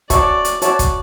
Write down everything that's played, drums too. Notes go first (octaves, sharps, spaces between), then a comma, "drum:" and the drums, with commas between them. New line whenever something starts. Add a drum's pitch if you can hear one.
F#4 C#5 D5 E5 A5 C#6, drum: kick, hi-hat
drum: hi-hat
F#4 C#5 D5 E5 A5 C#6, drum: hi-hat
drum: kick, hi-hat